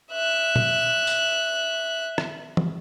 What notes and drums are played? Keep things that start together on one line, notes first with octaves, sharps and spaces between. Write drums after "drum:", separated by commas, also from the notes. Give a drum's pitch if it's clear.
E5 F#6
drum: tom
drum: tambourine
drum: rim click
drum: tom